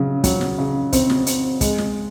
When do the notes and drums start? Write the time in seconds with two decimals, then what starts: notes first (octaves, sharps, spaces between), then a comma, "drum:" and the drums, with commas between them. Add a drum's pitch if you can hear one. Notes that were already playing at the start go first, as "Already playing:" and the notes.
Already playing: C#3 F#3
0.24 F#3, drum: kick, hi-hat
0.41 drum: snare
0.58 C#3
0.93 C4, drum: kick, hi-hat
1.10 drum: snare
1.27 C4, drum: hi-hat
1.61 G#3, drum: kick, hi-hat
1.78 drum: snare